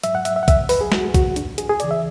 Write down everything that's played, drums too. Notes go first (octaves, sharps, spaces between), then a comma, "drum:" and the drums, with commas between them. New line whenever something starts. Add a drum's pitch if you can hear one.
G#2 F#3 E5, drum: hi-hat
F#5
E5, drum: hi-hat
E5
F#5
E5, drum: kick B1, hi-hat
B4, drum: open hi-hat
G#4
F#4, drum: snare
G#4
F#4, drum: kick B1, hi-hat
D4, drum: hi-hat
G#4, drum: hi-hat
G#4
D2 C#3 E3 D5, drum: hi-hat
E5